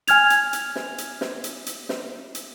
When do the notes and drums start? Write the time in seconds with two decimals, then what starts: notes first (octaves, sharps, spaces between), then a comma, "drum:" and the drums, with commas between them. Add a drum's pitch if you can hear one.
0.07 G#5 F6 G#6 F7, drum: hi-hat
0.30 drum: hi-hat
0.53 drum: hi-hat
0.76 drum: snare
0.98 drum: hi-hat
1.21 drum: snare
1.44 drum: hi-hat
1.66 drum: hi-hat
1.89 drum: snare
2.35 drum: hi-hat